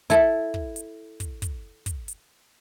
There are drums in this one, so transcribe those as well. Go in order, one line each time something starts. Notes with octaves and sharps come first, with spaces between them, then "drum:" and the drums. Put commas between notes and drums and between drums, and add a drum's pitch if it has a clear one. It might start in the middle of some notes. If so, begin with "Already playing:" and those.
E4 A4, drum: kick, hi-hat
drum: kick
drum: hi-hat
drum: kick, hi-hat
drum: kick, hi-hat
drum: kick, hi-hat
drum: hi-hat